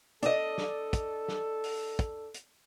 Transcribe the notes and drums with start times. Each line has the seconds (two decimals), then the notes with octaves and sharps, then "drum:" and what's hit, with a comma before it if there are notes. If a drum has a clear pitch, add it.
0.22 D4 A4 D#5, drum: hi-hat
0.58 drum: snare
0.93 drum: kick, hi-hat
1.28 drum: snare
1.64 drum: open hi-hat
1.99 drum: kick, hi-hat
2.34 drum: hi-hat